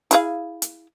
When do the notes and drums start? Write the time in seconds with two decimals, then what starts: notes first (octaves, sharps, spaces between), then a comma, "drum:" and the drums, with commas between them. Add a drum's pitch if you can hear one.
0.11 E4 G#4 F5, drum: hi-hat
0.62 drum: hi-hat